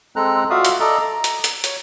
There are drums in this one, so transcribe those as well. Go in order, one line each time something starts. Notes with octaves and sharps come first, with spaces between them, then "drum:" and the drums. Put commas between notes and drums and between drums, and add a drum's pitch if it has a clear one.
G#3 C4 A4 A#5 F#6
F4 F#4 D5 E5 F5 D#6
drum: hi-hat
A4 D5 D#5 A#5
A#5
drum: hi-hat
drum: hi-hat
C#5, drum: hi-hat